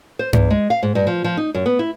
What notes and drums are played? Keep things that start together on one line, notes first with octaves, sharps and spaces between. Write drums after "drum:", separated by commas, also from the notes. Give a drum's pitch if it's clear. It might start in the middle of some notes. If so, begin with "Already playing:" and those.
C5
E2, drum: tom G2
G#3
F5
G#2
G2
F3
F3
D#4
F#2
B3
E4